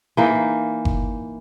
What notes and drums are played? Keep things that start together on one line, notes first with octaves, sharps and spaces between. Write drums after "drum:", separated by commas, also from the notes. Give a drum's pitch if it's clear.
E3 A#3 D#4
drum: kick F#1